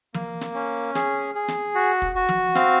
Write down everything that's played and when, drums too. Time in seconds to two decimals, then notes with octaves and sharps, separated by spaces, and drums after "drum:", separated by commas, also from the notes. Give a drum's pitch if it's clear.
0.14 A#3, drum: tom F3
0.41 drum: snare
0.54 C#4
0.95 G#4, drum: snare
1.35 G#4
1.48 drum: snare
1.75 F#4
2.02 drum: kick
2.15 F#4
2.29 drum: tom F3
2.55 C4 F5, drum: snare